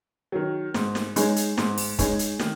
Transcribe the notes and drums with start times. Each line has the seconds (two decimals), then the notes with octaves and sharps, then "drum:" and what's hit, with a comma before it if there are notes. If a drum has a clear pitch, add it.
0.32 D#3 F#3
0.74 G#2, drum: snare
0.95 drum: snare
1.16 G#3 D#4 G#4 C#5, drum: hi-hat
1.36 drum: hi-hat
1.58 G#2, drum: snare
1.78 drum: open hi-hat
1.99 G#3 D#4 G#4 C#5, drum: kick, hi-hat
2.19 drum: hi-hat
2.39 D#3, drum: snare